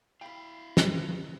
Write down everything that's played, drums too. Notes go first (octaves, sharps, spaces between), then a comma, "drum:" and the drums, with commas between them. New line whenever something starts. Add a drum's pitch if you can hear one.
E4 F5 G5 B5
D#3, drum: snare